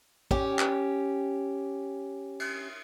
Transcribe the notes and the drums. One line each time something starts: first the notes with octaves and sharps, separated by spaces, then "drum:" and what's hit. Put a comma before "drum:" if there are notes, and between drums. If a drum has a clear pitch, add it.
C#4 G4, drum: kick
drum: clap
drum: cymbal